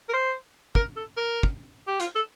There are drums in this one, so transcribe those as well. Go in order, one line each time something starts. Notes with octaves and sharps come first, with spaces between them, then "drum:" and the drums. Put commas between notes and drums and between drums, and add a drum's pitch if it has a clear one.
A#4
C5
A#4, drum: kick
A4
A#4
drum: kick
G4
F4, drum: hi-hat
A4